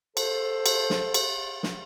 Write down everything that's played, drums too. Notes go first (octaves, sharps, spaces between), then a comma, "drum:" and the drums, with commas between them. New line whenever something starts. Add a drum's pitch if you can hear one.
A4 C5, drum: cymbal
drum: cymbal
drum: snare
drum: cymbal
drum: snare